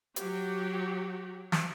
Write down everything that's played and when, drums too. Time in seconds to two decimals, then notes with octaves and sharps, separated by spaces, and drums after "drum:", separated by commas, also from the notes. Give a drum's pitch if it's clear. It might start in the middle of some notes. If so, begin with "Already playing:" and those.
0.16 F#3 F#4 G4, drum: hi-hat
1.52 drum: snare